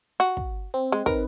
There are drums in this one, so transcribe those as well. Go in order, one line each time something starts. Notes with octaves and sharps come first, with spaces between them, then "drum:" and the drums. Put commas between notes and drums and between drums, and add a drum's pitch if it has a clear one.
F#4
drum: kick
C4
G#3
C4 D#4 A#4 B4, drum: kick